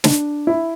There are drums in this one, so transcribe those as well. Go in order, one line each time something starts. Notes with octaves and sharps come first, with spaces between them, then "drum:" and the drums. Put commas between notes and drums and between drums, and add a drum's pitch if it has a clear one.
D4, drum: snare
E4